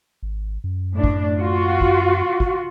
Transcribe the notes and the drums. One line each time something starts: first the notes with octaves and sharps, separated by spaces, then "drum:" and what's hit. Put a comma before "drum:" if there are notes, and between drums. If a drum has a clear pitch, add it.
G#1
F#2
A2 D4
drum: kick
F4 F#4
drum: kick
drum: kick